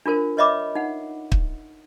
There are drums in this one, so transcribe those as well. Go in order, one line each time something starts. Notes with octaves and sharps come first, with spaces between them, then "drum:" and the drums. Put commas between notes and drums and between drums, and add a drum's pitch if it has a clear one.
D4 F4 A#4 C5
B4 C#5 D#5 E5 B5 D6
D#4 F#5
drum: kick